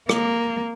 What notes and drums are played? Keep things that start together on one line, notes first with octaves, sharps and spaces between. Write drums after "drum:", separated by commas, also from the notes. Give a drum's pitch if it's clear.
A#3, drum: rim click